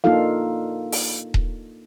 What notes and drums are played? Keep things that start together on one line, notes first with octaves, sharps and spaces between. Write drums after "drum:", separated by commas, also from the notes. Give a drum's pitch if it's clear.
A#3 D4 D#4 F4 A4 F5
drum: open hi-hat
drum: kick D#1